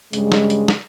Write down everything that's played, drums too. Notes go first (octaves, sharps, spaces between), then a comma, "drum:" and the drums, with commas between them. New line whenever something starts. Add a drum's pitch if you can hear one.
G2 C#3 G#3, drum: hi-hat
drum: snare
drum: hi-hat
drum: snare